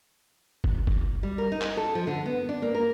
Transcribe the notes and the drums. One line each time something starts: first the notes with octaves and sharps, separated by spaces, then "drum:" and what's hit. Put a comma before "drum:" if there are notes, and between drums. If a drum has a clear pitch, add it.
drum: kick
drum: kick
G3
A#4
D#4
drum: clap
A4
F3
D3
B3
D4
A#3
A#4